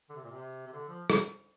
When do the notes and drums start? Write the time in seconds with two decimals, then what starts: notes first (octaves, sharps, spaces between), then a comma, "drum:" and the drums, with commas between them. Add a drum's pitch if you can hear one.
0.10 D3
0.16 C3
0.24 A#2
0.31 C3
0.67 C3
0.73 D3
0.88 F3
1.10 drum: rim click